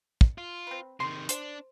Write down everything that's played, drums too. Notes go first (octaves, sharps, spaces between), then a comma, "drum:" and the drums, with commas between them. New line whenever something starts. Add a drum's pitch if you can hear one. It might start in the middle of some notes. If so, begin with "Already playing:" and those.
drum: kick
F4
C4 B4
C3 D#3 C6
D4 C5, drum: hi-hat